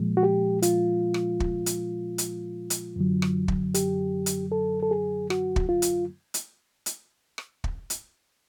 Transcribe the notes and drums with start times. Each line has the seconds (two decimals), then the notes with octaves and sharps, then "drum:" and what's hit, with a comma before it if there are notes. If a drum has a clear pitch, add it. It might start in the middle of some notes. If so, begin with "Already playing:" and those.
Already playing: A#2 F3 G#3
0.17 F#4
0.23 G4
0.62 F4, drum: hi-hat
1.14 drum: rim click
1.40 drum: kick
1.66 drum: hi-hat
2.18 drum: hi-hat
2.70 drum: hi-hat
2.96 F#2 D3 F#3
3.22 drum: rim click
3.48 drum: kick
3.74 G4, drum: hi-hat
4.26 drum: hi-hat
4.52 A4
4.83 A4
4.91 G#4
5.30 F#4, drum: rim click
5.56 drum: kick
5.69 F4
5.82 drum: hi-hat
6.34 drum: hi-hat
6.86 drum: hi-hat
7.38 drum: rim click
7.64 drum: kick
7.90 drum: hi-hat